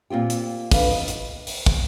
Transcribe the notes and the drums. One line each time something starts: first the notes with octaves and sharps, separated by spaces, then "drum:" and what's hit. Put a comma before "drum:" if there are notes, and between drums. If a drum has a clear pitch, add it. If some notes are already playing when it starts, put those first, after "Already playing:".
A#2 C4 F4 G4
drum: hi-hat
D4 A4 B4 F5, drum: kick, open hi-hat
D#5
drum: hi-hat
drum: open hi-hat
drum: kick